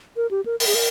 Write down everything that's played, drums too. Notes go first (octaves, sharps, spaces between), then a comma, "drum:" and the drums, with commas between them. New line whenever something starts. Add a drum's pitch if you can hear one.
A#4
G4
A#4
A#4, drum: open hi-hat
G#4
A#4